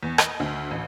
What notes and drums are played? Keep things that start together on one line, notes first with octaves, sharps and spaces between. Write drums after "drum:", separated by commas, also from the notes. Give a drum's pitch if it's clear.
E2
D#5, drum: rim click
D2
A1